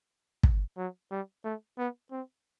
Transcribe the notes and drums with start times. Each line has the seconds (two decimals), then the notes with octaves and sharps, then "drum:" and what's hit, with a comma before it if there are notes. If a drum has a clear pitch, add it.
0.43 drum: kick
0.77 F#3
1.11 G3
1.44 A3
1.78 B3
2.11 C4